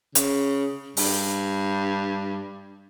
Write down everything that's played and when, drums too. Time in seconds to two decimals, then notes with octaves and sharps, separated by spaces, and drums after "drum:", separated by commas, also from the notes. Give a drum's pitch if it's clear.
0.15 C#3, drum: hi-hat
0.97 G2, drum: open hi-hat